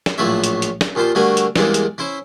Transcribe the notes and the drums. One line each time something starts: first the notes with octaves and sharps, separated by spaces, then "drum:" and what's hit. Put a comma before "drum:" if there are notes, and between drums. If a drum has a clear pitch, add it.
drum: snare
A#1 A2 F3 F#3 C#5 E5
drum: hi-hat
drum: hi-hat
drum: snare
D#2 A#2 F4 C5 C6
D3 G3 A3 A#3 F#4 G#5
drum: hi-hat
E2 E3 G3 G#3 A#3, drum: snare
drum: hi-hat
C#4 E4 C5